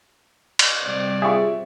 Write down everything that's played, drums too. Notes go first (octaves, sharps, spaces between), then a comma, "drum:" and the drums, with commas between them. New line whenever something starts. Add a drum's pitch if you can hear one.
drum: cymbal
C3 G3 C4 D5
F4 G4 G#4 E5 C#6